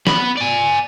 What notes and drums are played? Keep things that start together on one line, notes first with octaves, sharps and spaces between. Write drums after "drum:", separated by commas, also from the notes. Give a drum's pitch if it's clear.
B3 B5, drum: snare
D5 G#5